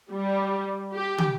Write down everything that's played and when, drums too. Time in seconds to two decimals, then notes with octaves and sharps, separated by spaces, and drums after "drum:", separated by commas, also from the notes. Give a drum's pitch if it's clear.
0.13 G3
0.96 G4
1.18 drum: tom